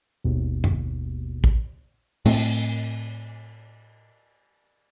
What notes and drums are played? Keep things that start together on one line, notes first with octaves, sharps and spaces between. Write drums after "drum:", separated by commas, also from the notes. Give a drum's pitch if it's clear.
G#1 D#2 B2
drum: tom F#2
drum: kick A1
A2 A3 C4, drum: cymbal